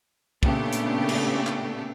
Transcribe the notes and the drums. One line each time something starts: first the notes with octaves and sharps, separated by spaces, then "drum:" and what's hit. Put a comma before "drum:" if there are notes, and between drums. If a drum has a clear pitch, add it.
A#2 C#3 A3 B3 D4 G4, drum: kick
drum: hi-hat
drum: cymbal
drum: clap